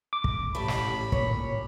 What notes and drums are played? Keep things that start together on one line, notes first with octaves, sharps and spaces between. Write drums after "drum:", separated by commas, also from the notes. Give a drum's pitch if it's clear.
D6
drum: kick
A1 A2 E3 G3 A3 B5
drum: snare
A#2 C#5, drum: kick